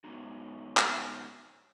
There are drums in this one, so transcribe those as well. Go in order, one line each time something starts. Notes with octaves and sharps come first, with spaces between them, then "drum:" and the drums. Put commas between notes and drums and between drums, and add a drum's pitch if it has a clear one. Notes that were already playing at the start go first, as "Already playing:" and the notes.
G#2 D3 B3 C#4 D#4 F#4
drum: clap